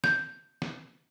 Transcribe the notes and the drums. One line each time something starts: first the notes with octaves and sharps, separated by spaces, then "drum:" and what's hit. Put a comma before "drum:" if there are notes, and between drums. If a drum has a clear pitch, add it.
G6, drum: snare
drum: snare